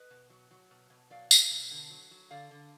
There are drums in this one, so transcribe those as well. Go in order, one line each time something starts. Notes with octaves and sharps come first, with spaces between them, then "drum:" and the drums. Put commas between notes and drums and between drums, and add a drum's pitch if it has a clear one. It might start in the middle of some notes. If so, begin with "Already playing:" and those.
Already playing: B4 D#5
B2
F#3
F#3
B2
B2
F#3 D5 F5
F#3, drum: tambourine
B2
D3
F#3
F#3
D3 D5 F5
D3